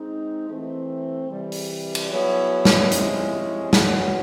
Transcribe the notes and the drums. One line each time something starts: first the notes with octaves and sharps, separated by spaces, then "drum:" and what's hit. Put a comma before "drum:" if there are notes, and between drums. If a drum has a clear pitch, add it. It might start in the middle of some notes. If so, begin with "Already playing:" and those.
Already playing: G#3 C4 D#4
E3 A3 C4
C3 E3 G3
drum: open hi-hat
drum: cymbal
F#3 B3 E4 G#4 C#5
drum: snare
C3 F3 G#3 C#4 E4, drum: hi-hat
E3 A3 C#4 F#4, drum: snare